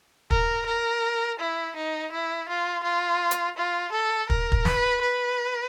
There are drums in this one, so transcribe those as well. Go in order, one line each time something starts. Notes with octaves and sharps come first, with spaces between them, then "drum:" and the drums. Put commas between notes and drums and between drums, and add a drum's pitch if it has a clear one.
A#4, drum: kick
A#4
E4
D#4
E4
F4
F4
drum: hi-hat
F4
A4
A#4, drum: kick
drum: kick
B4, drum: snare
B4